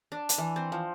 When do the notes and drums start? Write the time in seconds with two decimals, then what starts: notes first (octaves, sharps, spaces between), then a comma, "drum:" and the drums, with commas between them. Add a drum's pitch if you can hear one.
0.12 D4
0.29 drum: hi-hat
0.38 E3
0.56 C4
0.72 F3